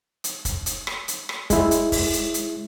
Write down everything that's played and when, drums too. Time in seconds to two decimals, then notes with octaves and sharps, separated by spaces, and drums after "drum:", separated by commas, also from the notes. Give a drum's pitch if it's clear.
0.24 drum: hi-hat
0.45 drum: kick, hi-hat
0.66 drum: hi-hat
0.87 drum: rim click
1.08 drum: hi-hat
1.29 drum: rim click
1.50 G#3 E4, drum: kick, hi-hat
1.71 drum: hi-hat
1.92 drum: kick, open hi-hat
2.13 drum: hi-hat
2.34 drum: hi-hat